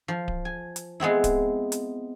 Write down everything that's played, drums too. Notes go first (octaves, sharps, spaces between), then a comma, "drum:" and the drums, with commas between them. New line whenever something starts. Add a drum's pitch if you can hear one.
F3
drum: kick D1
G#5
drum: hi-hat
G#3 B3 C4 E4
drum: kick D1, hi-hat
drum: hi-hat